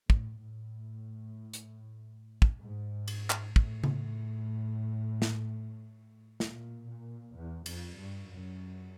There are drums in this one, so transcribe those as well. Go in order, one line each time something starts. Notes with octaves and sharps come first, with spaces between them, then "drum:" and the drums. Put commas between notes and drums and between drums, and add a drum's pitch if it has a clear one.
A2, drum: kick
A2
drum: hi-hat
drum: kick
G#2
drum: cymbal
drum: clap
A2, drum: kick
drum: tom C#3
drum: snare
A#2, drum: snare
A#2
E2
F2, drum: cymbal
G2
F#2